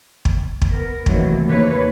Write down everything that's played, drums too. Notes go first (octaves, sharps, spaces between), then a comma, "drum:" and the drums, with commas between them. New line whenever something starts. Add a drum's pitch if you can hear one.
drum: kick
drum: kick
B3 A#4
C3 D#3 E3 F#3 A3 A#3, drum: kick
D#2 C3 A#3 B4 C#5